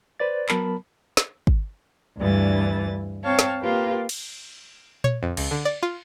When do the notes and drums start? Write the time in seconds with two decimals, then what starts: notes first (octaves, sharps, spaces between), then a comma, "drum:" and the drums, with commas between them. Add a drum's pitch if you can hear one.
0.20 B4 C5 D5 A6
0.49 F#3 B3 A#4 A5 B5, drum: clap
1.17 drum: snare
1.47 drum: kick
2.18 D2 G2 E3 A6
3.24 C4 C#5 F5 G5 A5
3.39 drum: snare
3.61 A#3 F4 G4 A#4 B4
4.09 drum: cymbal
5.04 C#5, drum: tom A#2
5.23 F2
5.37 C#2, drum: cymbal
5.51 D3
5.65 D5
5.83 F4